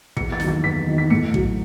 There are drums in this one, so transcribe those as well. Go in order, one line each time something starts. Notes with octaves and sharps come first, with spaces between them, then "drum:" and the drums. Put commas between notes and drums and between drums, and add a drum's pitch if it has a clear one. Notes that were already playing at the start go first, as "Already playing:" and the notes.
E2 C#7, drum: kick
A6
D#3 F#3, drum: snare
A6
E2 B6
D#3 F#3
B6
A2 C#7
F#3, drum: kick